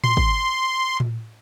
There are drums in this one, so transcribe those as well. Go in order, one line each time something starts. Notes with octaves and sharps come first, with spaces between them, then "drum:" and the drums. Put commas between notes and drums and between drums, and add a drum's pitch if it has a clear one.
C6, drum: tom A2
drum: kick
drum: tom A2